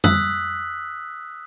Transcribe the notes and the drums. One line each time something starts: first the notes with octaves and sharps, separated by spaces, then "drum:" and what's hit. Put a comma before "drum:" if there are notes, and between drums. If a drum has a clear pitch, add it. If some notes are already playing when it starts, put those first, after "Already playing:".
D#6 E6 F#6 B6 F#7, drum: tom